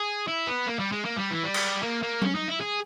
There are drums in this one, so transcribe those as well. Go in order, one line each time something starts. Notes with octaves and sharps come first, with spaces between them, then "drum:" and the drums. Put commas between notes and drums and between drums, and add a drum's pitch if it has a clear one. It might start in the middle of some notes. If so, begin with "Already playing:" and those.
Already playing: G#4
E4
B3
A#3
G3
G#3
A#3
G3
E3
G3
drum: cymbal
A#3
A#3
C#4, drum: tom F#3
D#4
E4
G#4